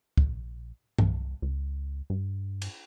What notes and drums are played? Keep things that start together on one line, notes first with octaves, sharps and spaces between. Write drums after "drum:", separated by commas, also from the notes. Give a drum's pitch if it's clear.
A#1, drum: kick
C2, drum: tom G2
C#2
G2
drum: cymbal